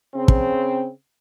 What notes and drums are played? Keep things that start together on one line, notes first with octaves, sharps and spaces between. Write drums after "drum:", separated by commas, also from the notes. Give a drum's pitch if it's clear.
C#3 C4
drum: kick